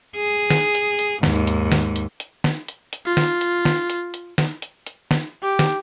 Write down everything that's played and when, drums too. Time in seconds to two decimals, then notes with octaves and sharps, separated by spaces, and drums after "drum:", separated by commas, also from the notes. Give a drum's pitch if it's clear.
0.16 G#4
0.50 drum: snare
0.75 drum: hi-hat
0.99 drum: hi-hat
1.23 D#2 G#2, drum: snare
1.47 drum: hi-hat
1.72 drum: snare
1.96 drum: hi-hat
2.20 drum: hi-hat
2.44 drum: snare
2.68 drum: hi-hat
2.93 drum: hi-hat
3.06 F4
3.17 drum: snare
3.41 drum: hi-hat
3.65 drum: snare
3.90 drum: hi-hat
4.14 drum: hi-hat
4.38 drum: snare
4.62 drum: hi-hat
4.86 drum: hi-hat
5.11 drum: snare
5.42 G4
5.59 drum: snare